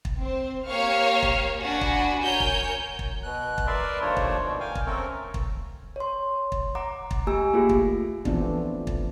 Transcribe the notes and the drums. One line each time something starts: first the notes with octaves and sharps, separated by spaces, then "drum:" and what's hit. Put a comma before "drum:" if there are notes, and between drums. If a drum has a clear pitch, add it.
drum: kick
C4 C5
A#3 G4 C#5 F5 C#6 F6
drum: kick
D4 F#4 G#5 B5
drum: kick
F#4 A#4 C#5 G#5 G6
drum: kick
drum: kick
B2 F#6
drum: kick
A#4 B4 D5 E5 C6
D#2 F3 A3 D4 C5 C#5
drum: kick
B2 A#3
F5 G5 G#5
drum: kick
A3 C4 C#4 A4 A#4
drum: kick
C#5 C6
drum: kick
F#5 A#5 D6
drum: kick
A3 G4 G#5 E6
A#3 F4 G4 G#4
drum: kick
E3 F3 A3 B3 C4 D4, drum: kick
drum: kick